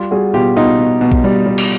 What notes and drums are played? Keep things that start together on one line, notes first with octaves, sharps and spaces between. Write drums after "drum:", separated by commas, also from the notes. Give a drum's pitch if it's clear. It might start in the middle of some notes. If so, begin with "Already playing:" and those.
Already playing: G3 F4 G4
G3 F#4 G#4
B2 F4 G4
B2 D#4 F4
B2
B2
drum: kick A#1
G3
G3
drum: cymbal